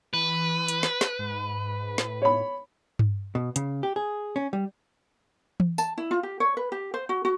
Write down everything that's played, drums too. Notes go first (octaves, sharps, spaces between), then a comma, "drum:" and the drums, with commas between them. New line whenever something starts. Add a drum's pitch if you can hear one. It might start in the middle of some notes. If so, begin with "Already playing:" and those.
E3 B4
drum: hi-hat
drum: snare
drum: snare
G#2
A2, drum: snare
C#5 B5
drum: tom G2
B2
C#3, drum: hi-hat
G4
G#4
C#4
G3
drum: tom E3
A5, drum: tambourine
E4
F4
G4
C#5
B4
G4
C5
F#4
F#4